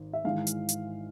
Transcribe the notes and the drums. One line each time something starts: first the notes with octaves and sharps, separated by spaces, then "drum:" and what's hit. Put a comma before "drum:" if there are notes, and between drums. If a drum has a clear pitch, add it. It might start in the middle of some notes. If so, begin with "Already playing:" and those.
Already playing: G#1
E5
G#1 G#2 E3 G#3 F5
drum: hi-hat
drum: hi-hat